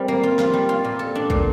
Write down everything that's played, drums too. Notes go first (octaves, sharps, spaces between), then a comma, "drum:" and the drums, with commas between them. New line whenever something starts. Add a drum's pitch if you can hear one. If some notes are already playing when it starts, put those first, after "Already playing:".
Already playing: G3 C4 A#4
A#3
F4
F4, drum: snare
G3
F4
A#2
A4
D4
A#2, drum: kick